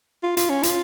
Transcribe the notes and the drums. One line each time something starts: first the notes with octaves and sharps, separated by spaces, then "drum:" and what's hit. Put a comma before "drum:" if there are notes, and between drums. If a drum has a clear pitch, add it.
F4
F4, drum: hi-hat
C#4
F4, drum: hi-hat